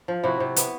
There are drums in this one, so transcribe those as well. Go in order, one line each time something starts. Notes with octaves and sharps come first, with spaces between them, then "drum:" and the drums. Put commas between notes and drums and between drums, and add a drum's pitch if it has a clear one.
F3
C3 E4 F#4
C3
B3, drum: hi-hat